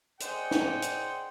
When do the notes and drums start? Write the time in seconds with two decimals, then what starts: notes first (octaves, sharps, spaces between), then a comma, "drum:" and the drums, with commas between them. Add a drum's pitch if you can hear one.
0.20 G#4 C5 D5 D#5 F#5 G5, drum: hi-hat
0.51 drum: snare
0.82 drum: hi-hat